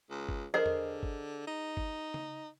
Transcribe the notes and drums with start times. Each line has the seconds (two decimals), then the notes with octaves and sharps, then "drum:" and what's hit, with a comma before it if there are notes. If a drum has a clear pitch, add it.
0.10 C#2
0.29 drum: kick G1
0.54 D3 G#4 A#4 C5 D#5
0.66 drum: tom E2
1.03 drum: kick G1
1.47 D#4
1.77 drum: kick G1
2.14 drum: tom C#3